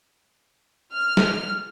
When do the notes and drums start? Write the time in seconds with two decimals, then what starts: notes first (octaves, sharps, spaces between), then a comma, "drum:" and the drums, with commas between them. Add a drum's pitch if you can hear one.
0.93 F6
1.17 drum: snare